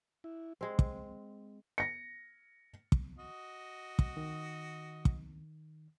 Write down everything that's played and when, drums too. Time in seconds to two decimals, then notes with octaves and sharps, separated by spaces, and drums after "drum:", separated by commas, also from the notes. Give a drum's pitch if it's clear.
0.24 E4
0.61 G#3 C4
0.79 drum: kick
1.78 A#6 C#7
2.92 drum: kick
3.19 F#4 D#5
3.99 drum: kick
4.17 D#3
5.05 drum: kick